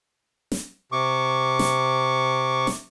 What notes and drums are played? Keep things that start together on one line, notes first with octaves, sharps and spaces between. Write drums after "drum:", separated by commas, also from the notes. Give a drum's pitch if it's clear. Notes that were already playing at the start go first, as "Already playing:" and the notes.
drum: snare
C3 C#6 D6
drum: snare
drum: snare